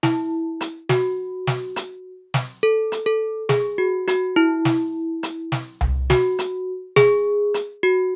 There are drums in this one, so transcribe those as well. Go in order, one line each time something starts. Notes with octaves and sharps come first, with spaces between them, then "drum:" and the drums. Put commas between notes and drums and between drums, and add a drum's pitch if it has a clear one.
E4, drum: snare
drum: hi-hat
F#4, drum: snare
drum: snare
drum: hi-hat
drum: snare
A4
drum: hi-hat
A4
G#4, drum: snare
F#4
F#4, drum: hi-hat
E4
drum: snare
drum: hi-hat
drum: snare
drum: tom C2
F#4, drum: snare
drum: hi-hat
G#4, drum: snare
drum: hi-hat
F#4